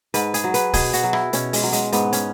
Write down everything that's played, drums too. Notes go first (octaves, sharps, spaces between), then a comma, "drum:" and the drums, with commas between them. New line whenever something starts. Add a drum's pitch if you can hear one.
G#2 B4, drum: hi-hat
G#4, drum: hi-hat
F#3
B4, drum: hi-hat
B2 G#4, drum: kick, open hi-hat
F#4, drum: hi-hat
F#3
E4, drum: rim click
B2 C#4, drum: hi-hat
G#3, drum: open hi-hat
F#3
G#3, drum: hi-hat
G#2 B3, drum: hi-hat
C#4, drum: hi-hat